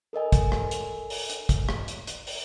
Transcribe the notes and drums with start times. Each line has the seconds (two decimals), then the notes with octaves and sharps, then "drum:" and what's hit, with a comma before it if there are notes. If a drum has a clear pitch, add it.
0.13 A4 A#4 D#5 G#5
0.32 drum: kick, hi-hat
0.52 drum: rim click
0.71 drum: hi-hat
1.10 drum: open hi-hat
1.30 drum: hi-hat
1.49 drum: kick, hi-hat
1.69 drum: rim click
1.88 drum: hi-hat
2.07 drum: hi-hat
2.27 drum: open hi-hat